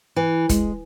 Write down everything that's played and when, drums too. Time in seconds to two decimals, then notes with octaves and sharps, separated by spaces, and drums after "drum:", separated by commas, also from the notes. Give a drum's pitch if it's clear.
0.16 E3
0.49 G#3, drum: kick, hi-hat